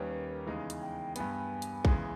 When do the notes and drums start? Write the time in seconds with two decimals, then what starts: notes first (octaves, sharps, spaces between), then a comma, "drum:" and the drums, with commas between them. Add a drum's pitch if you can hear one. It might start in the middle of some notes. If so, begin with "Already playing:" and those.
Already playing: D#2 D#3 G3 A#3 C#4 B4
0.47 E2 C#3 G#3 D#4
0.70 drum: hi-hat
0.82 G5
1.16 G2 G3 B3 G#5, drum: hi-hat
1.62 drum: hi-hat
1.85 E2 C#3 G#3 B3, drum: kick